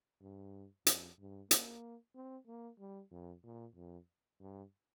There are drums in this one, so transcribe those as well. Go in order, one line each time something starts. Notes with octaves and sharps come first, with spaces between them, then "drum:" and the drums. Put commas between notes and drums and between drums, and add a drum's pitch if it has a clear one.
G2
F2, drum: hi-hat
G2
A#3, drum: hi-hat
C4
A#3
G3
F2
A#2
F2
G2